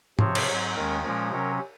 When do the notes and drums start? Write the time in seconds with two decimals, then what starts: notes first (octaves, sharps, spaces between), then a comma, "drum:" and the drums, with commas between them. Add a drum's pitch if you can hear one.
0.19 C3 F3 C4 C#5, drum: tom G#2
0.35 drum: cymbal
0.47 G#2 F#3 C4
0.75 D#2 D#3 G#3 C#4 A#4
1.03 A#2 F3 G#3 C#4 A#4
1.31 C3 F#3 C#4 A#4